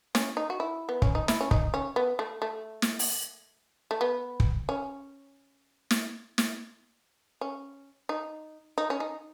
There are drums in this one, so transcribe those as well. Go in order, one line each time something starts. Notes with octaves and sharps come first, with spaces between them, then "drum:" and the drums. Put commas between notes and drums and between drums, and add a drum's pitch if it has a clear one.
C#4, drum: snare
D#4
F#4
E4
B3
C#4, drum: kick
D#4
E4, drum: snare
C#4
D#4, drum: kick
C#4
B3
A3
A3
drum: snare
drum: open hi-hat
A3
B3
drum: kick
C#4
drum: snare
drum: snare
C#4
D#4
D#4
C#4
D#4